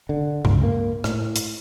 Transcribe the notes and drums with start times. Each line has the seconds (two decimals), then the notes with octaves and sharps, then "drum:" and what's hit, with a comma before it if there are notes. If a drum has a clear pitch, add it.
0.09 D3
0.45 C#2, drum: tom G2
0.63 A#3
1.04 A2, drum: rim click
1.36 drum: hi-hat